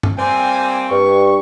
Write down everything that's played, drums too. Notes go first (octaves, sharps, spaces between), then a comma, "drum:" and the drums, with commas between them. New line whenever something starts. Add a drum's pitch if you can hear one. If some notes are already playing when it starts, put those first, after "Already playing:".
drum: tom G2
G3 A#3 C4 G#5
G2 C#6